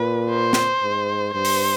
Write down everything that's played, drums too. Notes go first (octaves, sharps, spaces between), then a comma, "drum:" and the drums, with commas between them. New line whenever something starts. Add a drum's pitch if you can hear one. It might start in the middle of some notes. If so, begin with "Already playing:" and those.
Already playing: A#2 B4
C5
drum: snare
G#2
G2 C5
drum: open hi-hat